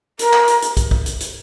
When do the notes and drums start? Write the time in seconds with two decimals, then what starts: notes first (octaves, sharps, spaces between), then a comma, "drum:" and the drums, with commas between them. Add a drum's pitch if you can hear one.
0.19 A#4, drum: hi-hat
0.33 drum: clap
0.48 drum: hi-hat
0.62 drum: hi-hat
0.77 drum: kick, hi-hat
0.91 drum: kick
1.06 drum: hi-hat
1.20 drum: hi-hat